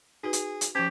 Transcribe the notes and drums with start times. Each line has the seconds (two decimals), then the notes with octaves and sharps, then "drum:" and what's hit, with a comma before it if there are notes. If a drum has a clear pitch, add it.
0.23 D#4 F#4 G#4 B4
0.33 drum: hi-hat
0.61 drum: hi-hat
0.75 F3 C#4 G4 C5